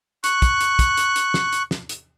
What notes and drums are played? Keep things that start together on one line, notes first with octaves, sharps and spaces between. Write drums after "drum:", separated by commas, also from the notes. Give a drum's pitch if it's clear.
C#6 F#6, drum: hi-hat
drum: kick, hi-hat
drum: hi-hat
drum: kick, hi-hat
drum: hi-hat
drum: hi-hat
drum: snare
drum: hi-hat
drum: snare
drum: hi-hat